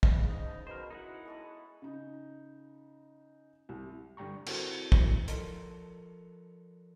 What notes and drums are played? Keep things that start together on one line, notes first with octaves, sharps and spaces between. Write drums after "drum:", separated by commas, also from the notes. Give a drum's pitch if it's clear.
G#2 C#3 B3, drum: kick
D#4
A5
B2 A#4 C5 B5
F#2 D#4 E4 F#5
G#3 B3 F#4 A4
C#3 D#4
C2
G2 D3 G3 G5 A#5 C#6
C4 E4 F#4 A4 A#4 C5, drum: cymbal
drum: kick
F3 A4 A#4 C6, drum: hi-hat